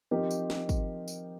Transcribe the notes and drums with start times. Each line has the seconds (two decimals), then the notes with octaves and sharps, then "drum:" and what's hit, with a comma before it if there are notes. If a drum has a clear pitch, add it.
0.11 F3 C4 D#4 G4 A#4
0.31 drum: tambourine
0.50 drum: snare
0.69 drum: kick, tambourine
1.08 drum: tambourine